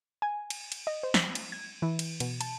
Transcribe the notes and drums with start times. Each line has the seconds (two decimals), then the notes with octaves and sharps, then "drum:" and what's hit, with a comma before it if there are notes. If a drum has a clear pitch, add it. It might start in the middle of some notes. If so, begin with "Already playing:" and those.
0.22 G#5
0.50 drum: cymbal
0.72 drum: cymbal
0.87 D#5
1.03 C5
1.14 drum: snare
1.35 drum: cymbal
1.52 G#6
1.82 E3
1.99 drum: cymbal
2.20 B2, drum: cymbal
2.41 A5, drum: cymbal